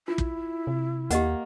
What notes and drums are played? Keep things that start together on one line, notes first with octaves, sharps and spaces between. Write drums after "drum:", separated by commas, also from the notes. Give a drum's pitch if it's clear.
E4 F4
drum: kick
C3
D#2 A#3 G4 D#5 F#5, drum: hi-hat